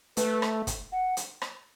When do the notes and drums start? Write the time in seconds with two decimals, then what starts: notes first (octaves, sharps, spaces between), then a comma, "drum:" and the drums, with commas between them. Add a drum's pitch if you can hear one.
0.17 A3 B4, drum: hi-hat
0.42 drum: rim click
0.67 drum: kick, hi-hat
0.92 F#5
1.17 drum: hi-hat
1.42 drum: rim click